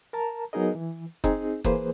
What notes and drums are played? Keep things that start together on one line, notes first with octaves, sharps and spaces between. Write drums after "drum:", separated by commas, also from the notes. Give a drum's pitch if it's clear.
A#4 A5 A#5
F#3 B3 D#4 G#4 A#4 D#5
E3
C4 D#4 G#4, drum: kick F#1
E3 A#3 G#4 B4 C5, drum: kick F#1